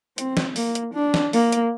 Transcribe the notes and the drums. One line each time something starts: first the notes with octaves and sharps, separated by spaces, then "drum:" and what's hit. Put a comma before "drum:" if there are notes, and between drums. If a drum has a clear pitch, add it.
C4, drum: hi-hat
drum: snare
A#3, drum: open hi-hat
drum: hi-hat
D4
drum: snare
A#3, drum: open hi-hat
drum: hi-hat